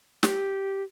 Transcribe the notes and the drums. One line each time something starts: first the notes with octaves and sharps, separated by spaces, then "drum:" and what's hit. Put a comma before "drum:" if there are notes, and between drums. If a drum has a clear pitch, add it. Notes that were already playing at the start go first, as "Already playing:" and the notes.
G4, drum: snare